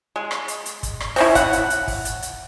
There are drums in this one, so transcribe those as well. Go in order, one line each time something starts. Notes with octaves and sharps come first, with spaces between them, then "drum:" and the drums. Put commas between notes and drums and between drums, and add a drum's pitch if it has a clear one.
G#3
drum: rim click
drum: hi-hat
drum: hi-hat
drum: kick, hi-hat
drum: rim click
C4 C#4 E4, drum: open hi-hat
F#5, drum: kick, hi-hat
drum: hi-hat
drum: hi-hat
drum: kick, open hi-hat
drum: hi-hat
drum: hi-hat